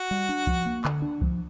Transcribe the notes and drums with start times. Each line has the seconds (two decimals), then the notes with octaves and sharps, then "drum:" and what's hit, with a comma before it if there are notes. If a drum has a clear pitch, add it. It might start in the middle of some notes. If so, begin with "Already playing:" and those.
Already playing: F#4
0.11 G3
0.29 D4
0.47 F3, drum: kick C2
0.66 A#3
0.85 D3, drum: clap
1.02 D4
1.21 F3, drum: kick C2